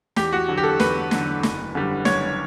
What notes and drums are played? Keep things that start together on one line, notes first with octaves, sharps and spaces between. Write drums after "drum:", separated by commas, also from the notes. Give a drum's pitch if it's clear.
E2 G4, drum: snare
F#4
D3 F#3
G4
A4
E2 B4, drum: snare
D3 F#3, drum: snare
F#1, drum: snare
F#2 D3 G3
F#1 C#5, drum: snare